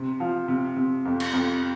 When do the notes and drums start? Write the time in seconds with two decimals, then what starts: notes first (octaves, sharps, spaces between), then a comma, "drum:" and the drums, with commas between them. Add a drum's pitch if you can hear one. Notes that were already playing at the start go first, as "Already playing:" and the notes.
Already playing: C3
0.20 F3
0.48 C3
0.76 C3
1.05 F2
1.20 drum: cymbal
1.33 F2